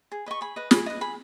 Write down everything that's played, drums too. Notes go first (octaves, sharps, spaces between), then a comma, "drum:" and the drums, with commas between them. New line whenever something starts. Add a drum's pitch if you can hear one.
G#4
B4 D#5 C#6
G#4 B5
B4 D#5
G#4 B5, drum: snare
B4 D#5
G#4 B5